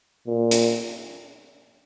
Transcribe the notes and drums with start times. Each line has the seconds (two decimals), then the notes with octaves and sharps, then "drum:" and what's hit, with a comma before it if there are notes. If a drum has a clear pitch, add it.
0.27 A#2
0.51 drum: hi-hat